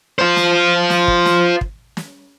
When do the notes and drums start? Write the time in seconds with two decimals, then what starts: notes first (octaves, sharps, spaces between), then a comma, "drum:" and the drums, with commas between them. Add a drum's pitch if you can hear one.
0.19 F4 C5
0.36 drum: snare
0.90 drum: snare
1.08 drum: kick
1.26 drum: snare
1.61 drum: kick
1.97 drum: snare